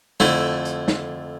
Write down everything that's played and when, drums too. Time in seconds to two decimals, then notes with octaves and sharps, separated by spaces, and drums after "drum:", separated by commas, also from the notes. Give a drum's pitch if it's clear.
0.20 F2 D3 A3 E4, drum: snare
0.65 drum: hi-hat
0.88 drum: snare